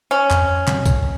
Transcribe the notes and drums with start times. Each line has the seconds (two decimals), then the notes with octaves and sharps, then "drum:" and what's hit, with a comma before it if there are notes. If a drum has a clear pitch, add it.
0.11 C#4
0.30 F2, drum: clap
0.67 C3 F#3, drum: clap
0.86 drum: kick, tambourine